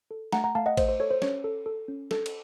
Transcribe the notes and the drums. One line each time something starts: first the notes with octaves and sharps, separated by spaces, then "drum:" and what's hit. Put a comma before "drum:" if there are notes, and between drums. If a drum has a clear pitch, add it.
A4
A3 F#5 A#5, drum: snare
F#5 A#5
A3 F5 A5
D#5 F#5
A3 C5 D#5, drum: kick A1, cymbal
C5
A4 C#5
C5
C#4 C#5, drum: snare
A4
A4
C#4
A4, drum: snare
drum: cymbal